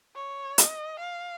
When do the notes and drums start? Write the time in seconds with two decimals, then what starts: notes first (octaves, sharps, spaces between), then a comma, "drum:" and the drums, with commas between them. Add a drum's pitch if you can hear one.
0.16 C#5
0.58 D#5, drum: hi-hat
0.99 F5